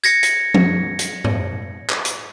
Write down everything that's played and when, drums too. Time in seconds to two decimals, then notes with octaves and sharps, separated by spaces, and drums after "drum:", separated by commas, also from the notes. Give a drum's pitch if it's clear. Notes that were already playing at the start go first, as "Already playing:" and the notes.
0.04 G#6 A#6 C#7, drum: tambourine
0.23 drum: hi-hat
0.54 drum: tom F3
0.99 drum: hi-hat
1.24 drum: tom G#2
1.90 drum: clap
2.05 drum: hi-hat